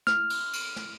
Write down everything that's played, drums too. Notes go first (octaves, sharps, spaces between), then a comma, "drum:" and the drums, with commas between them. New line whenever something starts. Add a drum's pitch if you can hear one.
F6, drum: snare
drum: cymbal
drum: cymbal
drum: snare